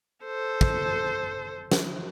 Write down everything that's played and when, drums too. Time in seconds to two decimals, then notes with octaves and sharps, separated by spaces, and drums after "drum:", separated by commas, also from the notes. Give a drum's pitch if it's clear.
0.24 A4 C5
0.61 drum: kick
1.72 drum: snare